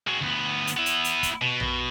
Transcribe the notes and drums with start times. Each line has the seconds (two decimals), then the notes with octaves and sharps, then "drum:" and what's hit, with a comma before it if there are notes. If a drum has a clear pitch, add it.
0.07 G#3 F#4
0.21 D2 B3
0.67 drum: hi-hat
0.77 B3 E4
0.86 drum: hi-hat
1.04 drum: hi-hat
1.23 drum: kick, hi-hat
1.41 B2
1.60 drum: tom A#1